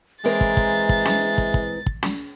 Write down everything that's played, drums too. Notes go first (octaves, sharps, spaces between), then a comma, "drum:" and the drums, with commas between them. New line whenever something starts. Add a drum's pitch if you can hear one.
E3 G#3 C4 A#4 E5 A6
drum: kick
drum: kick
drum: kick
drum: snare
drum: kick
drum: kick
drum: kick
drum: snare